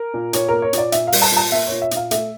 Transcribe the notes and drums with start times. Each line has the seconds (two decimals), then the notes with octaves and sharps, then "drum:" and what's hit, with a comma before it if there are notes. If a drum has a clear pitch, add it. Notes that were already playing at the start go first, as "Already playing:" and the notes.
Already playing: A#4
0.14 A#2
0.33 A#2 C#5, drum: hi-hat
0.48 A#3 A#4
0.62 C#5
0.73 A#2 D5, drum: hi-hat
0.92 A#2 E5, drum: hi-hat
1.07 F5
1.12 G3, drum: open hi-hat
1.22 A5
1.32 A#2 A5
1.52 A#3 E5
1.67 A#2 C#5
1.82 E5
1.91 A#2 F5, drum: hi-hat
2.11 A3 E5, drum: hi-hat